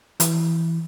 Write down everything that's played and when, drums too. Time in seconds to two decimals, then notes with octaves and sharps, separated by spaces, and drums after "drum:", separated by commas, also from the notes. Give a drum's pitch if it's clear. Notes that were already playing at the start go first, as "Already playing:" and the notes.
0.20 E3, drum: hi-hat